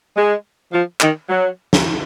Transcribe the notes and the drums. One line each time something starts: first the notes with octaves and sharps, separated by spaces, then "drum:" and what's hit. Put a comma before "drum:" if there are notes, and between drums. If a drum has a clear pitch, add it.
G#3
F3
D#3, drum: clap
F#3
drum: snare